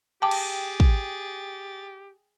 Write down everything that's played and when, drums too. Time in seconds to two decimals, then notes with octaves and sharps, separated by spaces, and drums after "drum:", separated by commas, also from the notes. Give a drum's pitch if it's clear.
0.22 G4 G#4 G5 A5 D6 A6
0.31 drum: cymbal
0.80 drum: kick